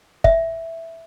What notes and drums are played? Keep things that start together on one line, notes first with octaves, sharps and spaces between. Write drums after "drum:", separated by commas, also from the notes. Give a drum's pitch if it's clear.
E5, drum: kick